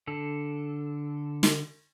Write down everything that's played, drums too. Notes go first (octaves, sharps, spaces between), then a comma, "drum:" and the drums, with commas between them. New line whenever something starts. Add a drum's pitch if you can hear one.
D3 A4
drum: snare